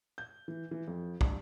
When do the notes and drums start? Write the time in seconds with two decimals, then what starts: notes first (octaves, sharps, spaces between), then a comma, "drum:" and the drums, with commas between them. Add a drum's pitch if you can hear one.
0.18 G6
0.48 E3
0.71 E3
0.88 F2
1.21 G2, drum: kick